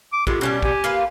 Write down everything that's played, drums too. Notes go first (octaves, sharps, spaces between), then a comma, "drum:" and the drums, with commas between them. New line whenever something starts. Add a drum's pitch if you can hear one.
D6
A2 G#3 B3 F4 G4, drum: kick
B2 G3 B3 C#4
G4 G#5, drum: kick
A#3 F4 B4